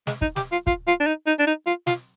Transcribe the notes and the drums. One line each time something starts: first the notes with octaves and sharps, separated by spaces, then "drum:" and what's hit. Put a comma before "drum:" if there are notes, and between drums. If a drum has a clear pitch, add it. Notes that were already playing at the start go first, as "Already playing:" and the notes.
G#3, drum: snare
D#4, drum: kick
G4, drum: snare
F4
F4, drum: kick
F4
D4
D#4
D#4
D4
D#4
F4
F4, drum: snare